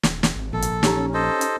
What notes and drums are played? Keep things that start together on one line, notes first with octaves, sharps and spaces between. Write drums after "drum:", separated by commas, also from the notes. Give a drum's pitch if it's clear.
D#1, drum: snare
drum: snare
G#1
A#1 A4
drum: hi-hat
C#4 D#4 G4 A#5, drum: snare
A4 C5 D#5
drum: hi-hat